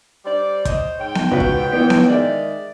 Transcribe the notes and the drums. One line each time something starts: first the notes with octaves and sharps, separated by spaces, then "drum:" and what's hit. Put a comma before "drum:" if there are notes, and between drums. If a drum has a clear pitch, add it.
G3 C5 D5
C5 C#5 D#5, drum: kick, hi-hat
G#2 C#5 G5
drum: snare B3
C#2 F#4 B4
drum: kick
E3 B3
drum: snare B3
D#3 G#3 D5 E5